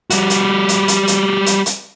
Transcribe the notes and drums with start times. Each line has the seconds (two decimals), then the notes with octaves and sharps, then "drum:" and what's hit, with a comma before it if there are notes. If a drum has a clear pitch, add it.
0.10 G3 F#4, drum: hi-hat
0.30 drum: hi-hat
0.69 drum: hi-hat
0.88 drum: hi-hat
1.08 drum: hi-hat
1.46 drum: hi-hat
1.66 drum: hi-hat